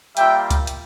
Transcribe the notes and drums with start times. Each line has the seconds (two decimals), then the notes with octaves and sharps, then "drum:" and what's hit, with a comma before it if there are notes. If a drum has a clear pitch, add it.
0.17 G3 A#3 F4 E5 G5, drum: hi-hat
0.50 drum: kick C#2, hi-hat
0.67 drum: hi-hat